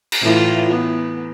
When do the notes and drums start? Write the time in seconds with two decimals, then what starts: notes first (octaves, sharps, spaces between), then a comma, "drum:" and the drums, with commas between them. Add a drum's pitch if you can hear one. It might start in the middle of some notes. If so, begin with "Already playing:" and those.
0.12 drum: cymbal
0.21 A2 E3 F4
0.70 B3